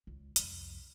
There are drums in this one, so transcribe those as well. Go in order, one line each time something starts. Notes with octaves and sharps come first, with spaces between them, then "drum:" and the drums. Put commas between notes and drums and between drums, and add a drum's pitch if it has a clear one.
C#2
C2 F2, drum: hi-hat